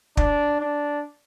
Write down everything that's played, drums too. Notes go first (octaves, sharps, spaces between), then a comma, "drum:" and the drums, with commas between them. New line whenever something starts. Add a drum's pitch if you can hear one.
D4, drum: kick
D4